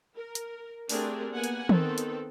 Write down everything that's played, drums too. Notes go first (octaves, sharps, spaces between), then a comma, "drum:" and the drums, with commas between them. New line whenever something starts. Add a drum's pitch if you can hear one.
A#4
drum: hi-hat
A3 C4 D4 G4 G#4 A#4, drum: open hi-hat
A#3 B3 F#5 G#5
drum: hi-hat
D#3 B3 C4 A4, drum: tom
drum: hi-hat